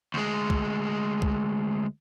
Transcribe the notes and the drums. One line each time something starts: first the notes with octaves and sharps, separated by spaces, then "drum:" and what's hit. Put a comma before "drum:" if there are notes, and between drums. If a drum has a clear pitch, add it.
D2 G#3
drum: kick C2
drum: kick C2